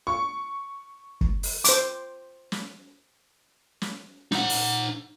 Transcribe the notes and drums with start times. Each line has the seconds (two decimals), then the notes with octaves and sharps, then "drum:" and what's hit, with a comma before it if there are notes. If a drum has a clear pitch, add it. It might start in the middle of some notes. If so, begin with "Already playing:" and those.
0.07 C#6
1.21 drum: kick
1.43 drum: open hi-hat
1.64 C5 D6, drum: hi-hat
2.52 drum: snare
3.82 drum: snare
4.32 D#4 F#5, drum: snare
4.49 drum: open hi-hat